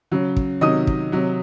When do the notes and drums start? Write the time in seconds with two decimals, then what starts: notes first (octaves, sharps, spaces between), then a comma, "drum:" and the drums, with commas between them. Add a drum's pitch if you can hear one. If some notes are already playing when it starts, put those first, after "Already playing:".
0.12 C#3 F#3
0.36 drum: kick
0.61 C3 D#3 F#3 D#5 D#6
0.87 drum: kick
1.12 C3 F#3